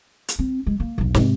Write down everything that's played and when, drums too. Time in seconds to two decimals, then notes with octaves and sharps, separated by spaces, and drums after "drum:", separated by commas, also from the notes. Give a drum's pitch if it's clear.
0.28 drum: hi-hat
0.39 C4
0.67 G#3
0.80 A#3
0.98 E1 B1
1.14 G#2 C3, drum: snare